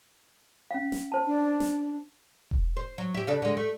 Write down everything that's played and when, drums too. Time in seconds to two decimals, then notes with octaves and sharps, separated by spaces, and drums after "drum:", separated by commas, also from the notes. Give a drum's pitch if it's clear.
0.71 C#4 F5
0.92 drum: snare
1.12 C5 A5
1.26 D4
1.60 drum: snare
2.51 drum: kick E1
2.77 C5
2.98 F#3
3.14 E4 G4
3.27 C#3 D4 A4
3.42 D3 G#3
3.57 A3